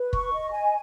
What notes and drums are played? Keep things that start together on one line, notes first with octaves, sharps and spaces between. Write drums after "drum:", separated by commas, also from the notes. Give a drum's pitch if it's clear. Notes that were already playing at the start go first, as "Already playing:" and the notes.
Already playing: B4
C#6, drum: kick
D#5
G#5